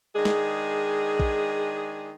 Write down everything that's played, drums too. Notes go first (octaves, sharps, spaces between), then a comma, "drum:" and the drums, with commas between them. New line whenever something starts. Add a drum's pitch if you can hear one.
D#3 G#3 D4 G#4
drum: snare
drum: kick